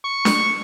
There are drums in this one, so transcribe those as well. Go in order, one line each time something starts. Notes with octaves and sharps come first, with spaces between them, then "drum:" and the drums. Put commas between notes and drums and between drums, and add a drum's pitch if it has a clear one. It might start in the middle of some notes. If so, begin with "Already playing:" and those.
C#6
drum: snare D4